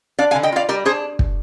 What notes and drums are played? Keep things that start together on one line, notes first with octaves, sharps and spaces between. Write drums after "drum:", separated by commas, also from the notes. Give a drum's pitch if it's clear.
D4 D5 F5
F5 G#5
D3
D#5 G5
F4 D5 F5
G3 A#4 D5
D4 G#4 C5
drum: kick